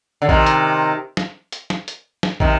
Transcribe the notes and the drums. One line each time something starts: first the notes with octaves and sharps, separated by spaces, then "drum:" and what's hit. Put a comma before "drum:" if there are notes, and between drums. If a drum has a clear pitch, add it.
D3
C3 D#3, drum: kick
drum: hi-hat
drum: snare
drum: hi-hat
drum: snare
drum: hi-hat
drum: snare
C3 D#3, drum: kick